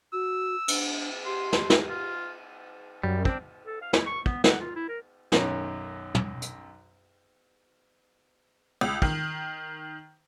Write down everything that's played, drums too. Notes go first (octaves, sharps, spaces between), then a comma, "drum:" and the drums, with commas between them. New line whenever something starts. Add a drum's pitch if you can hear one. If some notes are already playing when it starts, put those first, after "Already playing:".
F#4 E6
D4, drum: cymbal
G4 C6
drum: snare
drum: snare
F4
F#2 G3
C4 D4, drum: kick
A4
F5
E4, drum: snare
C#6
B3, drum: kick
F#5, drum: snare
F4
E4
A#4
B1 F#2 D#3 C#4, drum: snare
drum: tom
drum: hi-hat
C#2
D#3, drum: kick